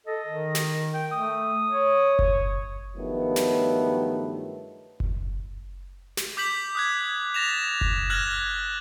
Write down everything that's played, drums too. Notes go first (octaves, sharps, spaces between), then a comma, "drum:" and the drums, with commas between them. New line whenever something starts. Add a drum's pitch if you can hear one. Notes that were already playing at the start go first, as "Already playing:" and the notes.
A4 D#5
D#3
drum: snare
G5
A3 D#6
C#5
drum: kick F#1
G2 D#3 F3 F#3 A3 B3
drum: snare
drum: kick F#1
drum: snare
D6 G6 B6 F#7
D#6 F#6 G#6
A6 A#6 E7 F7
drum: kick F#1
F6 F#6 G#6 A#6 F#7